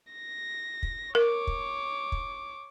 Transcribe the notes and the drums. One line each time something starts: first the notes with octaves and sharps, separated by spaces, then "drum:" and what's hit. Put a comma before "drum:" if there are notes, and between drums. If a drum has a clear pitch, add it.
A#6
drum: kick
A#4 C#5 D6
drum: kick
drum: kick